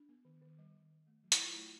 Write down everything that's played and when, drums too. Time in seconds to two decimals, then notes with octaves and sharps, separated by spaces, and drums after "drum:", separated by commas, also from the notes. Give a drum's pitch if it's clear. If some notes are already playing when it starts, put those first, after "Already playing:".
Already playing: D4
0.09 B3
0.25 D#3
0.42 D#3
0.58 G3
0.74 D#3
0.90 D#3
1.07 A3
1.23 F#3
1.32 E4, drum: hi-hat
1.40 F#3 F4
1.53 A3 E4